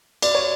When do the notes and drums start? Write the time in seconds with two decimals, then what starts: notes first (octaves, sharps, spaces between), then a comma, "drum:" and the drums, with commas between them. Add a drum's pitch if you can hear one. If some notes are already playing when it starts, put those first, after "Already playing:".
0.22 D5, drum: cymbal
0.35 C#5